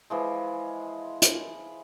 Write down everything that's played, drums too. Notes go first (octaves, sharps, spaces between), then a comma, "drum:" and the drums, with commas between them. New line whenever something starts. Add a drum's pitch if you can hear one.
E3 F3 G#3
drum: hi-hat